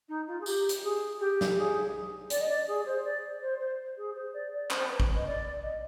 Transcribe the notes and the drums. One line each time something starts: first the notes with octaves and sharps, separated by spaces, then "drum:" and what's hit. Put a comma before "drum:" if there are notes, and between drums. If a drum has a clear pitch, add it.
D#4
F4
G#4
G4, drum: tambourine
drum: hi-hat
G#4
G4
drum: snare
G#4
D5, drum: hi-hat
D#5
D5
G#4
C5
D5
C5
C5
G#4
C5
D5
D5
C5, drum: clap
B4
drum: kick G#1
D#5
D5
D#5